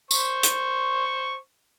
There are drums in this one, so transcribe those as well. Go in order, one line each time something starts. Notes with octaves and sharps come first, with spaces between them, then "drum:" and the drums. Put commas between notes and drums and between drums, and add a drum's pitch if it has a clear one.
C5 C#6, drum: tambourine
drum: hi-hat